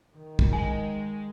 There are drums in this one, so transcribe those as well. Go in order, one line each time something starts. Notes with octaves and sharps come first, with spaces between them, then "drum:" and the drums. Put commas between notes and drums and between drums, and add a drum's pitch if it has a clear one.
D#3
drum: kick
G#3 G#5